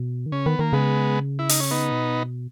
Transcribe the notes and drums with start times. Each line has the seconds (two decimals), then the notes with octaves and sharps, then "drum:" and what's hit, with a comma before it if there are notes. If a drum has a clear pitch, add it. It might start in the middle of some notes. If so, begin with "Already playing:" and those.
Already playing: B2
0.26 D#3
0.32 C#3 C#4
0.46 D#3 B3
0.59 D#3 A#3
0.73 C#3 G#3 B3
1.39 E4
1.49 D#4, drum: open hi-hat
1.60 C#4
1.71 B3 D#4
1.91 B2